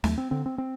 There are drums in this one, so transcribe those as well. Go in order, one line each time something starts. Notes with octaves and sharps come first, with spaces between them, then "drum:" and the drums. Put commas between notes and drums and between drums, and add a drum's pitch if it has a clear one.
D#2 A3, drum: snare
C4
D3 C4
C4
C4